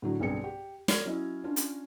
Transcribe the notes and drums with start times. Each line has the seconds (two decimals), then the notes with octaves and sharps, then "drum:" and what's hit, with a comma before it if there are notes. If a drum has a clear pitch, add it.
0.02 A2 D3 F#3
0.19 B1 G2 D3 C4 G#4 C#7
0.44 G4
0.88 C#5 D5 F6 G#6, drum: snare
1.06 F#3 C#4 E4 D#5
1.44 C#4 D4 F4
1.56 drum: hi-hat